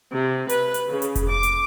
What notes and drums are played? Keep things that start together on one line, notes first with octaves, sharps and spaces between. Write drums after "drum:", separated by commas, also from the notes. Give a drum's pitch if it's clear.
C3
B4, drum: hi-hat
drum: hi-hat
C#3
drum: hi-hat
drum: kick F1, hi-hat
D6
drum: hi-hat